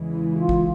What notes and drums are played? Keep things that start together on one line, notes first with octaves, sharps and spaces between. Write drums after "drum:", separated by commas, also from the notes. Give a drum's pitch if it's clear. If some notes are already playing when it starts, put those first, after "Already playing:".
Already playing: E2 C#3 E3 G#3
E4
F#4
F4
drum: kick